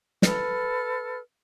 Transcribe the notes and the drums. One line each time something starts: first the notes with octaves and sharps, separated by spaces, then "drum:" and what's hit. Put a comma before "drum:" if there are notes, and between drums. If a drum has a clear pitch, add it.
A4 B4 F6, drum: snare